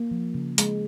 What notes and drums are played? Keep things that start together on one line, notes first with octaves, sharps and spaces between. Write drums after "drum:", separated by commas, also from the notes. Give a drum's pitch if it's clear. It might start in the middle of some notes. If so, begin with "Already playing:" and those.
Already playing: A#3
F3
C#3
G#3, drum: hi-hat